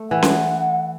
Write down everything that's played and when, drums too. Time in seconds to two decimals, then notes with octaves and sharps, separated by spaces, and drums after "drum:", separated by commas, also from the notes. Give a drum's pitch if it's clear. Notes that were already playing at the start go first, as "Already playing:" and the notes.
Already playing: A3
0.10 E3 F#5
0.22 drum: snare C#4